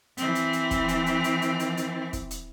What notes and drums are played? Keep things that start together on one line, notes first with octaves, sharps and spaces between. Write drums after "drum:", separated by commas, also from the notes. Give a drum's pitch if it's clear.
E3 C4, drum: hi-hat
drum: hi-hat
drum: hi-hat
drum: kick, hi-hat
drum: hi-hat
drum: hi-hat
drum: hi-hat
drum: hi-hat
drum: hi-hat
drum: hi-hat
drum: kick, hi-hat
drum: hi-hat